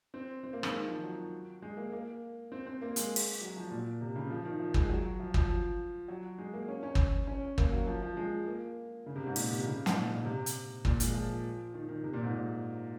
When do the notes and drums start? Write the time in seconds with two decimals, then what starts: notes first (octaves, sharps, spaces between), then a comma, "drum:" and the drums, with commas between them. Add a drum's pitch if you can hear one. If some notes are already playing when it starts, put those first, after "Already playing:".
0.14 C4
0.43 C4
0.53 A#3
0.63 G#3, drum: rim click
0.73 D#3
0.88 F3
1.03 F#3
1.62 G#3
1.77 A#3
1.92 A#3
2.52 C4
2.66 C4
2.81 A#3
2.96 G#3, drum: hi-hat
3.16 drum: open hi-hat
3.41 F#3
3.56 F3
3.71 A#2
4.01 C3
4.15 C#3
4.30 F3
4.45 D#3
4.60 F3
4.74 G#3, drum: kick
4.89 F#3
5.20 F3
5.34 F3, drum: kick
6.08 F#3
6.38 G#3
6.53 A#3
6.68 C#4
6.83 C#4
6.95 drum: kick
7.27 C#4
7.58 A#3, drum: kick
7.72 F#3
7.87 F3
8.02 F3
8.17 G#3
8.46 A#3
9.06 C#3
9.16 C3
9.26 G#2
9.36 A#2, drum: open hi-hat
9.51 C3
9.65 C#3
9.86 G#2, drum: snare
9.95 A#2
10.10 A#2
10.25 C3
10.46 drum: hi-hat
10.85 A#2, drum: kick
11.00 G#3, drum: hi-hat
11.14 F3
11.74 D#3
11.89 D#3
12.03 C3
12.13 A#2
12.23 G#2
12.33 A#2